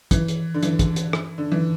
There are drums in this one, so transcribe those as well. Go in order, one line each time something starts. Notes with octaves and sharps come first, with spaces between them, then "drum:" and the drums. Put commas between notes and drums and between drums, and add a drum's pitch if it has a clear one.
E3, drum: kick, hi-hat
drum: hi-hat
D3
E3, drum: hi-hat
drum: kick, hi-hat
drum: hi-hat
drum: rim click
D3
E3